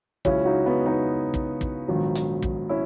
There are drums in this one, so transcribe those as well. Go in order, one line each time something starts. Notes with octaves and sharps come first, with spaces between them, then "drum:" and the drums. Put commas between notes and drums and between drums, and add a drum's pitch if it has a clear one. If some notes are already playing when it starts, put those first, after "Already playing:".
C#2 C#3 F#3 C#4 E4, drum: kick
D#4 F#4
B3 D#4
B3 D#4
drum: kick
drum: kick
A#1 G#2 D#3 F#3
drum: hi-hat
drum: kick
C#4 E4